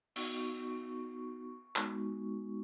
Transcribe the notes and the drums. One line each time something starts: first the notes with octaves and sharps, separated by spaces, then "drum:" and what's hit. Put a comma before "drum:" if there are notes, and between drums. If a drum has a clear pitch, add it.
B3 D#4 F#4 C#6, drum: cymbal
G#3 B3 D#4 F#4, drum: clap